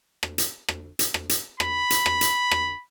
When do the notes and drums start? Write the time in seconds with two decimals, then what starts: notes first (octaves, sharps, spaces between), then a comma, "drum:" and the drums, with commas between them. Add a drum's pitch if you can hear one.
0.23 drum: rim click
0.38 drum: hi-hat
0.68 drum: rim click
0.99 drum: hi-hat
1.14 drum: rim click
1.29 drum: hi-hat
1.60 B5, drum: rim click
1.90 drum: hi-hat
2.06 drum: rim click
2.21 drum: hi-hat
2.51 drum: rim click